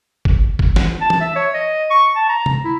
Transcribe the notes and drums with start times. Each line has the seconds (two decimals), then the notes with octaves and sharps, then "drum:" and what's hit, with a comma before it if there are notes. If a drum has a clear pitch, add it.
0.25 drum: kick
0.59 drum: kick
0.76 drum: snare
1.01 A5
1.10 drum: tom E3
1.20 E5
1.35 C#5
1.54 D#5
1.90 C#6
2.15 A5
2.29 A#5
2.46 drum: tom
2.64 E4